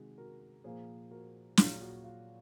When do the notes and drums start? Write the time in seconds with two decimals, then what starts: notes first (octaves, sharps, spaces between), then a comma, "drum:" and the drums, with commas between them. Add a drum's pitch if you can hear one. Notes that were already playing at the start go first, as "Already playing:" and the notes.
Already playing: C3 D#3 G#3 F#4
0.18 F#4 A#4
0.64 A#2 F3 A#3 G#4 C5
1.11 F#4 A#4
1.57 A#2 F#3 A#3 F4 G#4, drum: snare
1.82 F#4
2.04 F4